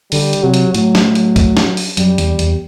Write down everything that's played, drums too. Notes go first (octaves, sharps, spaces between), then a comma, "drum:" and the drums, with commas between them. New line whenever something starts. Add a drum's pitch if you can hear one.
D3 G3, drum: open hi-hat
drum: hi-hat
C3 F#3
drum: hi-hat
A2 F#3, drum: hi-hat
drum: snare
F#3
drum: hi-hat
drum: kick C#2, hi-hat
drum: snare
drum: open hi-hat
F#2 G3, drum: hi-hat
E2, drum: hi-hat
E2, drum: hi-hat